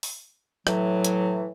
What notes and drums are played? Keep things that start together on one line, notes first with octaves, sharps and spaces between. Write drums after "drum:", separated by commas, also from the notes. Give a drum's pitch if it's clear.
drum: open hi-hat
A2 E3 F#3, drum: rim click
drum: hi-hat